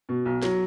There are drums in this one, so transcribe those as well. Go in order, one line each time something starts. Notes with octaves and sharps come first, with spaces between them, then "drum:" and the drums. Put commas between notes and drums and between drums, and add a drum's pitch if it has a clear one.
B2
B1
F#3, drum: snare